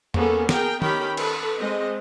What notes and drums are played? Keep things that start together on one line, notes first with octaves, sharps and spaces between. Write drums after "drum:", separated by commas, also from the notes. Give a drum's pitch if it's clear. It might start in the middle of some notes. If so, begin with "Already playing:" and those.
A#3 B3 C#4 G#4 A4, drum: tom E2
G#4 A#4 G5, drum: snare
D#3 C#4 G4 G5 B5, drum: tom D#3
A4 B4, drum: cymbal
G#3 C4 D#5